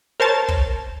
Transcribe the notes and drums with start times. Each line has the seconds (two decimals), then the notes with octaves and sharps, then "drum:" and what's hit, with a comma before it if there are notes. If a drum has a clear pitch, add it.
0.20 A#4 C5 C#5 A5
0.48 drum: kick